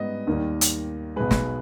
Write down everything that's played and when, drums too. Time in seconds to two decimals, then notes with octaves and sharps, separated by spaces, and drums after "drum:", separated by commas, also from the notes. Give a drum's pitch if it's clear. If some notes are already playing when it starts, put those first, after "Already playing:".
Already playing: G#2 G3 B3 D#5
0.27 D#2 D#3 G3
0.61 drum: hi-hat
1.16 B1 B2 G#3 B4
1.31 drum: snare